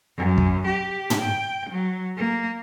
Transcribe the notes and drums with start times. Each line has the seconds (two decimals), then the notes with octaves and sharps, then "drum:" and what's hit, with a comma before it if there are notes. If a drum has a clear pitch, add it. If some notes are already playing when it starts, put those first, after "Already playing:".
0.18 F#2
0.38 drum: kick
0.67 G4
1.10 drum: tom
1.21 G5
1.70 F#3
2.17 A#3